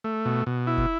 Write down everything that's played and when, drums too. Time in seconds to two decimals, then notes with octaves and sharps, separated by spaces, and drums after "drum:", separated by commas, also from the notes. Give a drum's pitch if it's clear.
0.04 A3
0.25 B2
0.47 B2
0.67 E4
0.77 drum: kick